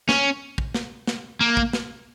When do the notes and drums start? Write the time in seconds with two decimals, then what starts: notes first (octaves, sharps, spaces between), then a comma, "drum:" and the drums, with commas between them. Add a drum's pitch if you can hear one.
0.09 C#4, drum: snare
0.58 drum: kick
0.75 drum: snare
1.07 drum: snare
1.41 A#3
1.57 drum: kick
1.73 drum: snare